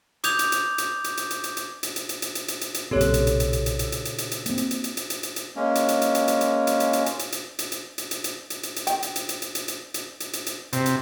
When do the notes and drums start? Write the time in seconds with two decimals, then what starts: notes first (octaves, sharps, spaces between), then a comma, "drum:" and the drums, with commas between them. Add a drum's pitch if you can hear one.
0.24 D6 D#6 G6 G#6 F7, drum: hi-hat
0.39 drum: hi-hat
0.52 drum: hi-hat
0.78 drum: hi-hat
1.04 drum: hi-hat
1.17 drum: hi-hat
1.30 drum: hi-hat
1.44 drum: hi-hat
1.57 drum: hi-hat
1.83 drum: hi-hat
1.96 drum: hi-hat
2.09 drum: hi-hat
2.22 drum: hi-hat
2.35 drum: hi-hat
2.48 drum: hi-hat
2.61 drum: hi-hat
2.74 drum: hi-hat
2.91 B1 A#2 C#3 C4 G4 A4 C#5 E6
3.01 drum: hi-hat
3.14 drum: hi-hat
3.27 drum: hi-hat
3.40 drum: hi-hat
3.53 drum: hi-hat
3.66 drum: hi-hat
3.79 drum: hi-hat
3.92 drum: hi-hat
4.05 drum: hi-hat
4.18 drum: hi-hat
4.31 drum: hi-hat
4.46 A#3 C4, drum: hi-hat
4.58 drum: hi-hat
4.71 drum: hi-hat
4.84 drum: hi-hat
4.97 drum: hi-hat
5.10 drum: hi-hat
5.23 drum: hi-hat
5.36 drum: hi-hat
5.56 G#3 A#3 C#4
5.75 drum: hi-hat
5.88 drum: hi-hat
6.02 drum: hi-hat
6.15 drum: hi-hat
6.28 drum: hi-hat
6.41 drum: hi-hat
6.67 drum: hi-hat
6.80 drum: hi-hat
6.93 drum: hi-hat
7.06 drum: hi-hat
7.19 drum: hi-hat
7.32 drum: hi-hat
7.59 drum: hi-hat
7.72 drum: hi-hat
7.98 drum: hi-hat
8.11 drum: hi-hat
8.24 drum: hi-hat
8.50 drum: hi-hat
8.63 drum: hi-hat
8.76 drum: hi-hat
8.87 G5, drum: hi-hat
9.03 drum: hi-hat
9.16 drum: hi-hat
9.29 drum: hi-hat
9.42 drum: hi-hat
9.55 drum: hi-hat
9.68 drum: hi-hat
9.94 drum: hi-hat
10.20 drum: hi-hat
10.33 drum: hi-hat
10.46 drum: hi-hat
10.73 C3, drum: hi-hat
10.86 drum: hi-hat